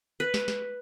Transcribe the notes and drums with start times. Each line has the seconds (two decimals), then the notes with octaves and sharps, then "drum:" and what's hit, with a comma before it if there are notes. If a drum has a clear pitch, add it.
0.20 B4
0.34 drum: snare
0.48 drum: snare